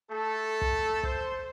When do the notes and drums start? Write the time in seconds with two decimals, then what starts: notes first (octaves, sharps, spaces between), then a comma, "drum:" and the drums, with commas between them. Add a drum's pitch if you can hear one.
0.11 A3 A4
0.61 drum: kick
1.03 C5, drum: kick